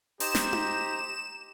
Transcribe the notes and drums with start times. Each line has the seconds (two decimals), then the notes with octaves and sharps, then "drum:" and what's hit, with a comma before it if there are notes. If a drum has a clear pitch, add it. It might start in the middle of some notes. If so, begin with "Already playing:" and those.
0.20 D#4 G4 C5 A#5 E7, drum: open hi-hat
0.35 drum: snare
0.53 drum: tom D#4